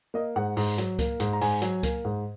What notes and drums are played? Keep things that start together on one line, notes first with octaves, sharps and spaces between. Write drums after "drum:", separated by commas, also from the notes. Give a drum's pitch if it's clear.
A#3 D#5
G#2 F#5
G#2, drum: open hi-hat
F#3, drum: hi-hat
A#3, drum: kick C#2, hi-hat
G#2, drum: hi-hat
A#5
G#2 G#5, drum: open hi-hat
F#3, drum: hi-hat
A#3, drum: kick C#2, hi-hat
G#2